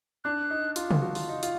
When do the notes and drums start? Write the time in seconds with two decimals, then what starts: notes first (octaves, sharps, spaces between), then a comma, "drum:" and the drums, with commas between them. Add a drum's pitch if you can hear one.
0.24 D4 F#6
0.50 D#4
0.76 F4, drum: hi-hat
0.91 drum: tom
1.01 F#4
1.15 F4, drum: open hi-hat
1.29 D#4
1.43 F4, drum: hi-hat